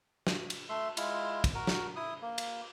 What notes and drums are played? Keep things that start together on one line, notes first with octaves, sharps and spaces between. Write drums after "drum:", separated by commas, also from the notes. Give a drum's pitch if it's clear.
drum: snare
drum: cymbal
A3 E5 C6
G#3 E4 F4, drum: cymbal
drum: kick, cymbal
F#4 A#4
drum: snare
E4 D#6
A#3
drum: cymbal